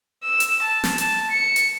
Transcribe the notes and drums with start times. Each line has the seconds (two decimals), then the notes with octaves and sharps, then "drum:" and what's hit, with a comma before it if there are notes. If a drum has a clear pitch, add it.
0.24 E6
0.40 drum: hi-hat
0.62 A5
0.84 drum: snare
0.98 A5, drum: hi-hat
1.31 C#7
1.56 drum: hi-hat